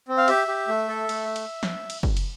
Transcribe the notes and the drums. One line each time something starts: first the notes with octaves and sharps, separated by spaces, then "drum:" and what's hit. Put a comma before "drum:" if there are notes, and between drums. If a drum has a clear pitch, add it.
C4
F5
G4 E5, drum: cymbal
G4
A3
A4
A3, drum: cymbal
drum: cymbal
drum: snare
drum: cymbal
drum: kick
drum: cymbal